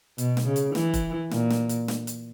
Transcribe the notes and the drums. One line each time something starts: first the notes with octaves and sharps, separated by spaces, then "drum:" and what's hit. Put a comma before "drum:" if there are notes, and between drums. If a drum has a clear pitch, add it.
B2, drum: hi-hat
drum: snare
C#3
drum: hi-hat
E3, drum: snare
drum: kick F1, hi-hat
A#2, drum: snare
drum: snare
drum: hi-hat
drum: snare
drum: hi-hat